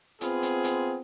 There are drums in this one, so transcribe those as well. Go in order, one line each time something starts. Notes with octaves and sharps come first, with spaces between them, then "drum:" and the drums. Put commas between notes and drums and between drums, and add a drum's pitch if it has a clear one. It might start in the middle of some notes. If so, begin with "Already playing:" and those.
B3 C4 F4 G#4, drum: hi-hat
drum: hi-hat
drum: hi-hat